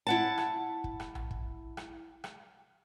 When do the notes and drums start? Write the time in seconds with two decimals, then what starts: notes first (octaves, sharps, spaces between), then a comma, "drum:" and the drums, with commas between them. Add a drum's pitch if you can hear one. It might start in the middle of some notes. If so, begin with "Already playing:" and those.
0.07 E4 F#5 A5
0.38 drum: rim click
0.84 drum: kick
1.00 drum: rim click
1.15 drum: tom A#1
1.31 drum: kick
1.77 drum: rim click
2.24 drum: rim click